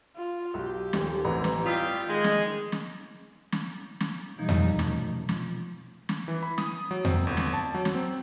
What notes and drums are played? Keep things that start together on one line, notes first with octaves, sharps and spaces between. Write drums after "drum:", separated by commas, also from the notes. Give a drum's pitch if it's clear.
F4
B1 G4
D#1 D#2, drum: snare
A1 E3 C4 A#5
drum: snare
G3 F4 G5 D#6 E6 B6
D#3 G#3
drum: snare
drum: snare
drum: snare
drum: snare
B2 E3 F3 G3 D#4
drum: tom E2
F#2 C3 A3, drum: snare
F3, drum: snare
drum: snare
E3
B5
D#6, drum: snare
F#3
C4, drum: tom E2
G1
drum: snare
A5
F#3
drum: snare
C4